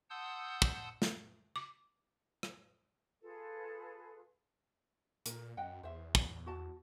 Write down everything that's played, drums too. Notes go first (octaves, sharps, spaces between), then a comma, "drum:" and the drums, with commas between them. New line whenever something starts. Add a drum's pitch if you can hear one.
F#5 A5 C6 D#6 E6 G6
drum: kick
drum: snare
D6
drum: rim click
F4 G#4 A4 B4
A#2 A#4, drum: hi-hat
F#2 D#5 F#5 G5
E2 C5 E5
drum: kick
F#4 A5